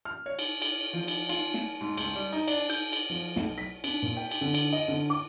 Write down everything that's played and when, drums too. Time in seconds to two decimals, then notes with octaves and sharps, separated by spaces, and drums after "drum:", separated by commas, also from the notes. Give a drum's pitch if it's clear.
0.05 F6
0.26 C#5
0.39 drum: cymbal
0.62 drum: cymbal
0.93 F3
1.08 drum: cymbal
1.29 F4, drum: cymbal
1.54 drum: snare
1.81 G#2
1.97 C#2, drum: cymbal
2.15 G3
2.33 D#4
2.48 D4, drum: cymbal
2.70 G6, drum: cymbal
2.93 drum: cymbal
3.10 F3
3.36 B1, drum: snare
3.58 B6
3.84 D4, drum: cymbal
4.02 A#2
4.17 G5
4.31 drum: cymbal
4.41 D3
4.54 drum: cymbal
4.73 D#5
4.88 D3
5.10 D6